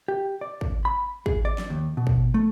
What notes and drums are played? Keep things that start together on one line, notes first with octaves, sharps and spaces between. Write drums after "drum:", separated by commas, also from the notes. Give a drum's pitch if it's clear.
G4
D5
drum: kick
B5
G#4, drum: kick
D5
drum: snare
D#2
B2
drum: kick
A3